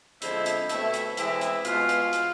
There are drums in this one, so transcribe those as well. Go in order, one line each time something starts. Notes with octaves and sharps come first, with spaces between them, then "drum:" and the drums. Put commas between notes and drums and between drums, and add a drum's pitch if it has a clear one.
D3 F3 G#3 C4 E4 E5, drum: hi-hat
drum: hi-hat
B2 A3 C4 E4 E5, drum: hi-hat
drum: hi-hat
E3 G#3 C4 E4 E5, drum: hi-hat
drum: hi-hat
B2 G#3 B3 F4 F5, drum: hi-hat
drum: hi-hat
drum: hi-hat